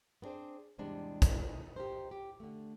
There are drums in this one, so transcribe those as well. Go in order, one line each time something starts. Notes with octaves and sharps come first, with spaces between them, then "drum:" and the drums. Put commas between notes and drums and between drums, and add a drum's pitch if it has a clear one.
B3 C4 D4 G#4 C5
E2 G#2 C3 G3 G#3 D4
drum: kick, hi-hat
D#4
D#4 G4 G#4 A#4 C5
G4
D3 A3